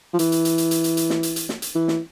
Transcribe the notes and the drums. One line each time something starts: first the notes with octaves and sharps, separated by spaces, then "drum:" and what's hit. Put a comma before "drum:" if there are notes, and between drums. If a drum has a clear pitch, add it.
F3
E3, drum: hi-hat
drum: hi-hat
drum: hi-hat
drum: hi-hat
drum: hi-hat
drum: hi-hat
drum: hi-hat
drum: snare
drum: hi-hat
drum: hi-hat
drum: snare
drum: hi-hat
E3
drum: snare